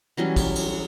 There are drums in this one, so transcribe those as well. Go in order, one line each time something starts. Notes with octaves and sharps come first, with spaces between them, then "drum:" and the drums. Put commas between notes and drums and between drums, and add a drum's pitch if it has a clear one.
E3 F#3 G3 C#4
drum: kick, cymbal
drum: cymbal